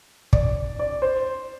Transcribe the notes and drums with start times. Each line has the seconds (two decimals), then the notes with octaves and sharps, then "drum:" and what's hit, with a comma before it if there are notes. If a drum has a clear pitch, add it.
0.33 D5, drum: kick
0.79 D5
1.02 C5